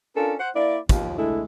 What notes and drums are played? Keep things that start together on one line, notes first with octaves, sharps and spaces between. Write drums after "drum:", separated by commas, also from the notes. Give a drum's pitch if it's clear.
C#4 D4 F4 A4 A#4
C5 F#5
A#3 E4 D5
D#2 F3, drum: kick, hi-hat
D3 G#3 A3 E4